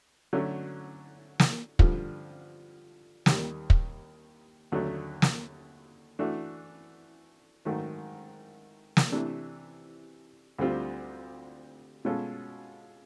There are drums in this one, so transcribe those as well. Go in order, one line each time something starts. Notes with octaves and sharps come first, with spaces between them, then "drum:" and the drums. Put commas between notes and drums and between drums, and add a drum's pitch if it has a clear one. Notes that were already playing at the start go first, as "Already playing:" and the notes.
D3 F#3 A3 C#4 F#4
drum: snare
G2 D3 F3, drum: kick
D#2 D#3 G3, drum: snare
drum: kick
D#2 D3 F#3 A3
drum: snare
E3 A3 D4 F#4
G#2 D#3 F#3 A3
drum: snare
C3 E3 A3 D4
D2 D3 G3 C4 F4
B2 G#3 C#4 F4 A4